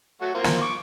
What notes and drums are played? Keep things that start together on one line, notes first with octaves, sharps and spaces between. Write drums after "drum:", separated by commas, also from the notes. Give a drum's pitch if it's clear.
F#3 A3 F#4
A#3 C4 F4
drum: snare
C#6 D6